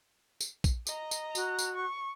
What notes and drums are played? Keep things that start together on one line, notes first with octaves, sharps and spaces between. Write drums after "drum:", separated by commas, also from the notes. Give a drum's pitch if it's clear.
drum: tambourine
drum: kick, tambourine
D#5 A#5, drum: tambourine
drum: tambourine
F#4, drum: tambourine
drum: tambourine
C#6